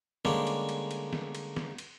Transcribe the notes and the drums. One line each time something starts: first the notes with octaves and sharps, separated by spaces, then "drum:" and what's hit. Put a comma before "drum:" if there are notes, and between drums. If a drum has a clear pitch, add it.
D3 G3 G#3 A#3 C#4 D4, drum: snare
drum: cymbal
drum: cymbal
drum: cymbal
drum: snare
drum: cymbal
drum: snare
drum: cymbal